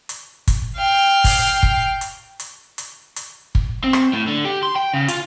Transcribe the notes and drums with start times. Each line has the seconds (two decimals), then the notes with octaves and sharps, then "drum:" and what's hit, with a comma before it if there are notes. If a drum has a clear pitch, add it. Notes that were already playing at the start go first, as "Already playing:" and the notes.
0.09 drum: hi-hat
0.48 drum: kick, hi-hat
0.78 F5 G5
1.24 drum: kick, open hi-hat
1.63 drum: kick
2.01 drum: hi-hat
2.40 drum: hi-hat
2.78 drum: hi-hat
3.16 drum: hi-hat
3.55 drum: kick
3.84 C4
3.93 drum: rim click
4.13 A2
4.28 D3
4.45 G4
4.63 C6
4.76 G5
4.94 C#3
5.08 F4, drum: hi-hat